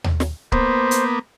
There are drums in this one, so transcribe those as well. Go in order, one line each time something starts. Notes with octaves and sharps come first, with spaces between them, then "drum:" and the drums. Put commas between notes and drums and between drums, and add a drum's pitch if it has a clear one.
drum: tom D#2
drum: snare
A#3 B3 C5, drum: kick C#1
drum: hi-hat